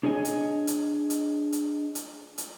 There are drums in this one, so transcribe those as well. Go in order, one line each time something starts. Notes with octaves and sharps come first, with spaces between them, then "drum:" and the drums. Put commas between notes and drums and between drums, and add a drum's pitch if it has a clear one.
D4 G#4 C#5 D#5 G#5
drum: hi-hat
drum: hi-hat
drum: hi-hat
drum: hi-hat
drum: hi-hat
drum: hi-hat